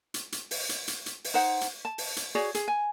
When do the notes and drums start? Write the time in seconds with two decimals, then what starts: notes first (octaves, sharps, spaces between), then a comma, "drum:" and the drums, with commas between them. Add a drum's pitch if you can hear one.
0.14 drum: hi-hat
0.32 drum: hi-hat
0.51 drum: open hi-hat
0.69 drum: hi-hat
0.88 drum: hi-hat
1.06 drum: hi-hat
1.24 drum: open hi-hat
1.34 D#4 C5 F#5
1.61 drum: hi-hat
1.85 A5
1.98 drum: open hi-hat
2.16 drum: hi-hat
2.35 F#4 G#4 C#5 D5
2.55 G#4, drum: hi-hat
2.68 G#5